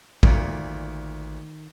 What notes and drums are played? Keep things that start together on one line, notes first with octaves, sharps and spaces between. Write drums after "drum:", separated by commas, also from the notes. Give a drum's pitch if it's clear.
A1 D2 A#2 D#3, drum: kick